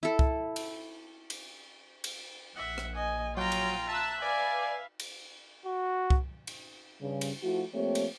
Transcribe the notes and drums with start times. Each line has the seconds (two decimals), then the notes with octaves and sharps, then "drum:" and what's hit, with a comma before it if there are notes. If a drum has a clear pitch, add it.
0.03 E4 A4
0.19 drum: kick C2
0.56 drum: cymbal
1.30 drum: cymbal
2.04 drum: cymbal
2.55 A#1 E5 F#5
2.78 drum: rim click
2.95 D#5 G#5
3.37 F#3 F4 G5 A#5
3.52 drum: cymbal
3.89 E5 A5 A#5 E6 F#6
4.22 B4 D5 F5 G#5
5.00 drum: cymbal
5.66 F#4
6.10 drum: kick C2
6.47 drum: cymbal
7.01 G2 C#3
7.21 drum: cymbal
7.42 F3 A3 E4 F#4
7.73 F3 A3 A#3 C4 G4 C#5
7.95 drum: cymbal